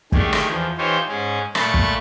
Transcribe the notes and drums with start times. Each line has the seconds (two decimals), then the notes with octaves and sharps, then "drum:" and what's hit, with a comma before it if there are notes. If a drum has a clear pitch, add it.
0.12 D3 D#3 A3 G4 G#4, drum: kick
0.33 drum: rim click
0.48 E2 F3
0.78 E3 D#4 F4 G4 C5 C#5
1.09 G#2 C#4 G#4
1.55 A#2 A3 B5 C#6 A6, drum: rim click
1.74 drum: kick